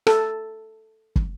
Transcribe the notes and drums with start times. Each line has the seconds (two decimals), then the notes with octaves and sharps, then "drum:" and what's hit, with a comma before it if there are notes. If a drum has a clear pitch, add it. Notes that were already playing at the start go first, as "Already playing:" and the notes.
0.07 A4, drum: rim click
1.16 drum: kick